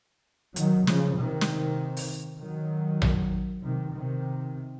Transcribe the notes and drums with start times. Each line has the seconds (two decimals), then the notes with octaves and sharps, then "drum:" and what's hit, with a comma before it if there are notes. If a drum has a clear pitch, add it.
0.56 D#3 F#3, drum: hi-hat
0.87 C#3 F3, drum: snare
1.18 C3 D#3
1.41 drum: snare
1.97 drum: open hi-hat
2.41 D#3 F#3
3.02 drum: tom A#1
3.64 C3 D#3
3.95 C3 D#3